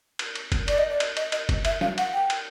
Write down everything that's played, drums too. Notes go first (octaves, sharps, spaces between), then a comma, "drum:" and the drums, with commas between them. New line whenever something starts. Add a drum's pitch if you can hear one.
drum: cymbal
drum: cymbal
drum: kick F#1, cymbal
D5, drum: cymbal
D#5
D5
drum: cymbal
D#5, drum: cymbal
D#5, drum: cymbal
drum: kick F#1, cymbal
E5, drum: cymbal
F5, drum: snare
F#5, drum: cymbal
G5
drum: cymbal